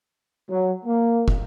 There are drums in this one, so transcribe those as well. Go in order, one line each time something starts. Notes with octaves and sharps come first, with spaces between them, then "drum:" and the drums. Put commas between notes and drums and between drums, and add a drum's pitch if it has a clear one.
F#3
A#3
drum: kick